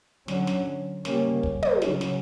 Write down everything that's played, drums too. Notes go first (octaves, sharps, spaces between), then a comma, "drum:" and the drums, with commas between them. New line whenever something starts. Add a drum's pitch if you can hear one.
D3 F#3 C#4, drum: snare
drum: snare
C#3 G3 A#3 C#4, drum: snare
drum: kick
drum: tom
C#3 F#3 C#4, drum: snare
drum: snare